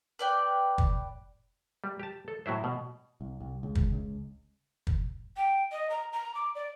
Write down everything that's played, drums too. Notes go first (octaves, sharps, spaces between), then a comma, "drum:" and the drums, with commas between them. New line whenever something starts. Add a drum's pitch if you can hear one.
B4 D5 G5
drum: kick
G3
G4 A5
A4
A2 F#3 E4 C5
B2
C2
C2
C#2
drum: kick
C#2
drum: kick
G5
D#5
A#5
A#5
D6
D5